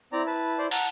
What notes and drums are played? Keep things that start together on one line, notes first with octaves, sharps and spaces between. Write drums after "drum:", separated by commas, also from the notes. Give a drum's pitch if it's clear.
C4 E4 D5 A#5
B4 A5
C5 D5
F#5 A5 A#5, drum: open hi-hat